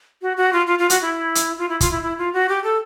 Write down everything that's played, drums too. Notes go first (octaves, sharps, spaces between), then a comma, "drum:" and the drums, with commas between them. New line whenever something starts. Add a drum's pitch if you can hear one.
F#4
F#4
F4
F4
F4
F#4, drum: hi-hat
E4
drum: hi-hat
F4
E4
F4, drum: kick, hi-hat
E4
E4
F4
F#4
G4
A4